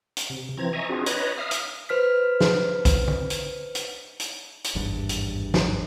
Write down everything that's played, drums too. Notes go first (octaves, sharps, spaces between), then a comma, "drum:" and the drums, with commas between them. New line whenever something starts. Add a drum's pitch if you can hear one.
drum: hi-hat
C3
E3 F3 C4 A#5 G#6
D#5 E5 G#5 A#5 C#6
C4 D4 F4 F#4 G#4
B4 C#5 D#5 A#5 B5, drum: hi-hat
E5 F5 D#6 F6
drum: hi-hat
B4 C5 F6 B6
drum: snare
drum: kick, hi-hat
drum: tom
drum: hi-hat
drum: hi-hat
drum: hi-hat
drum: hi-hat
G#1 E2 G2
drum: hi-hat
drum: snare